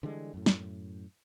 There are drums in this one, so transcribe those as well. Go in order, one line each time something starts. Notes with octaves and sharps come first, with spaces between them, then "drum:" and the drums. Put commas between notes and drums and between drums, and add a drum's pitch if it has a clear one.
D3 E3 G3 G#3
F#2 A2
drum: snare